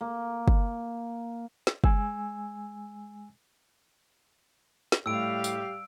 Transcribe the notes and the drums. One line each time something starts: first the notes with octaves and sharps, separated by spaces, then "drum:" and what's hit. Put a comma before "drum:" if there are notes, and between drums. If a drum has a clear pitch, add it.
A#3
drum: kick
drum: snare
G#3 G#5 E6, drum: kick
drum: snare
A2 G3 G4 F5 E6 D7
drum: tambourine